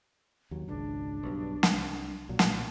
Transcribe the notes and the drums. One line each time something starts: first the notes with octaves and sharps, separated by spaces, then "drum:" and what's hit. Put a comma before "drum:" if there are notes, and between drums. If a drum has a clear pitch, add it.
D#2 F#3
G#1 C#2 D4
B1 G2
C2, drum: snare
B1 A#2 F#3
drum: snare